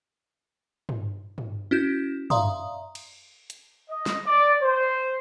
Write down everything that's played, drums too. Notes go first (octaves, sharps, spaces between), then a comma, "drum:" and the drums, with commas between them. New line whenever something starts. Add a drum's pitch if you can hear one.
drum: tom
drum: tom
C#4 E4 F#4 G6
D5 E5 F5 A#5 C6 D#6, drum: tom
drum: cymbal
drum: hi-hat
D#5
drum: snare
D5
C5